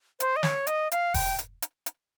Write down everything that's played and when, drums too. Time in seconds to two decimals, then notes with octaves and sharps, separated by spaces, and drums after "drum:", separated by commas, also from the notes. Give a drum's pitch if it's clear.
0.20 C5, drum: hi-hat
0.36 D#5
0.43 C#5, drum: snare
0.67 D#5, drum: hi-hat
0.92 F5, drum: hi-hat
1.14 G5, drum: kick F1, open hi-hat
1.39 drum: hi-hat
1.62 drum: hi-hat
1.86 drum: hi-hat